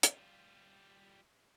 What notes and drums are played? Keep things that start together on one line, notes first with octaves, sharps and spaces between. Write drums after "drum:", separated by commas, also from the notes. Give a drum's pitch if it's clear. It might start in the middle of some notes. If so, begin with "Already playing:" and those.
G3 F4, drum: hi-hat